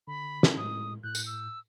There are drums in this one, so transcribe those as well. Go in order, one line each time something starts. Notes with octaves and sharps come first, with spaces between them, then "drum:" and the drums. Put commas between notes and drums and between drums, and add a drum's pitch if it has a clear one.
D3 B5
drum: snare
A2 G#3 D#6
A2 F#6 G6
drum: tambourine
E6